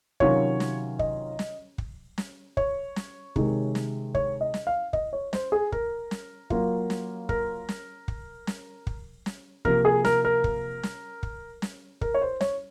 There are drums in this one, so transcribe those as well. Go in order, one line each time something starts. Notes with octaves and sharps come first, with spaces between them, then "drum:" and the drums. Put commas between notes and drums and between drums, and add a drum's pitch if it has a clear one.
C3 D#3 F#3 C#4 F4 C#5, drum: kick
drum: snare
D#5, drum: kick
drum: snare
drum: kick
drum: snare
C#5, drum: kick
drum: snare
C3 D#3 G#3, drum: kick
drum: snare
C#5, drum: kick
D#5
drum: snare
F5
D#5, drum: kick
C#5
C5, drum: snare
G#4
A#4, drum: kick
drum: snare
F#3 A#3 F4, drum: kick
drum: snare
A#4, drum: kick
drum: snare
drum: kick
drum: snare
drum: kick
drum: snare
C3 F3 A#3 A#4, drum: kick
G#4
A#4, drum: snare
A#4
drum: kick
drum: snare
drum: kick
drum: snare
A#4, drum: kick
C#5
C5
C#5, drum: snare